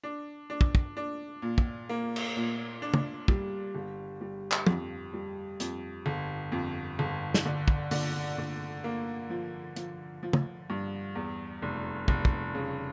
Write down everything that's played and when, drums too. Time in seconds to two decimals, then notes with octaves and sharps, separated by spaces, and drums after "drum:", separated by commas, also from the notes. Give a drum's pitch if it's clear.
0.04 D4
0.50 D4
0.61 drum: kick
0.75 drum: kick
0.97 D4
1.42 A#2
1.58 drum: kick
1.89 A#3
2.16 drum: cymbal
2.36 A#2
2.82 D4
2.94 drum: tom
3.28 G3, drum: kick
3.75 G1
4.21 G3
4.52 drum: clap
4.67 F2, drum: tom
5.14 G3
5.60 F2, drum: hi-hat
6.06 G1
6.52 F2
6.99 G1
7.34 drum: snare
7.46 D3
7.68 drum: kick
7.91 D3, drum: open hi-hat
8.38 D3
8.84 A#3
9.30 F3
9.76 F3, drum: hi-hat
10.23 F3
10.33 drum: tom
10.70 G2
11.15 E2
11.62 F1
12.08 F1, drum: kick
12.25 drum: kick
12.55 C#3